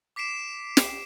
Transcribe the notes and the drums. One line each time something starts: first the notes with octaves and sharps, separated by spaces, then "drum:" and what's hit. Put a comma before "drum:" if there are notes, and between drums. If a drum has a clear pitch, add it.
D6 B6 C7 D7 E7
drum: snare